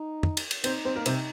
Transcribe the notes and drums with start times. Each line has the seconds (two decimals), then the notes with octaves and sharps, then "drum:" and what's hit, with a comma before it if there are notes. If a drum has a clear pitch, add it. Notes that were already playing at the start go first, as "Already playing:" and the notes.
Already playing: D#4
0.23 drum: tom
0.37 drum: cymbal
0.51 drum: cymbal
0.64 C4 D#4 C5, drum: cymbal
0.85 C4 C5
0.96 A#3 A#4
1.06 C3 C4, drum: cymbal